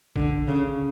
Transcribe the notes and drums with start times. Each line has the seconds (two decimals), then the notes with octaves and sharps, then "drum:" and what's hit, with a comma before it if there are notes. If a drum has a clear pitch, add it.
0.16 D3, drum: kick
0.48 C#3